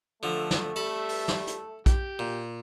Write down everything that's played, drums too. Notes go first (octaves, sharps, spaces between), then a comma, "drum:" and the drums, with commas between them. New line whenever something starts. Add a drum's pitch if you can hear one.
D3 F3 A3
drum: snare
G3 A4 E5 B5
drum: open hi-hat
drum: snare
drum: hi-hat
G4, drum: kick A#1, hi-hat
A#2